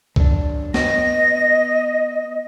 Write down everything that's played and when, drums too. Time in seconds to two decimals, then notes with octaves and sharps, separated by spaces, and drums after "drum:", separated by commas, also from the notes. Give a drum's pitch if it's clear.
0.16 F#2 D4, drum: kick
0.74 B3 D#5 A#6, drum: snare